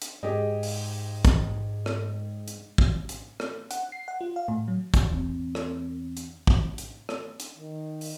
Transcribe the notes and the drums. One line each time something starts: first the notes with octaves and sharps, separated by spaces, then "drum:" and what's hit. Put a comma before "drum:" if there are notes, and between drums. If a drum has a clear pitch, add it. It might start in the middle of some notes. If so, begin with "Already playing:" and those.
drum: hi-hat
G#2 G4 G#4 D#5
drum: open hi-hat
drum: kick, hi-hat
drum: rim click
drum: hi-hat
drum: kick
drum: hi-hat
drum: rim click
F#5, drum: hi-hat
C7
F#5
F4
F5
A2
F#3
drum: kick, hi-hat
E2 C4
drum: rim click
drum: hi-hat
drum: kick
drum: hi-hat
drum: rim click
drum: hi-hat
D#3
drum: open hi-hat